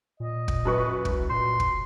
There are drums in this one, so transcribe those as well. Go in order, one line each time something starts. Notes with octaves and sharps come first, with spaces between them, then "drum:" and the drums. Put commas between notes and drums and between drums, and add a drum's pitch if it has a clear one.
A#2 D#5
drum: kick
F#2 B4 C#6
C2, drum: kick
A#2 C6
drum: kick